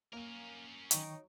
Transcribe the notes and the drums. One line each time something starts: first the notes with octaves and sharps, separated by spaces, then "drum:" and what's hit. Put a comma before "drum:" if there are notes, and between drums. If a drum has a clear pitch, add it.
A#3 C#4 A#4 D#7
D#3 F#3 D#4 G5 C#6, drum: hi-hat